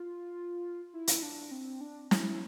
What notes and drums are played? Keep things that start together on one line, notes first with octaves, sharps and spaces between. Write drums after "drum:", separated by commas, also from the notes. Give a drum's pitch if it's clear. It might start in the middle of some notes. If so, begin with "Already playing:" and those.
Already playing: F4
E4
drum: hi-hat
D4
C4
D4
E4, drum: snare